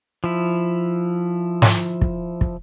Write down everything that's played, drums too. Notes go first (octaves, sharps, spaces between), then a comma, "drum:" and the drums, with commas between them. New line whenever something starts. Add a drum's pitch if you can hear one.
F3 E4
drum: snare
drum: kick
drum: kick